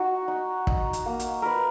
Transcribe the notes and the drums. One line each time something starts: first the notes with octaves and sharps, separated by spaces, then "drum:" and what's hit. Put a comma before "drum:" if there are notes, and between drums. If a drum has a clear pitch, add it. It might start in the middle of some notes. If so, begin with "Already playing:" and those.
Already playing: D#4 F#4
D#4
D#4, drum: kick
drum: hi-hat
A#3
drum: hi-hat
D#4 A#4 B4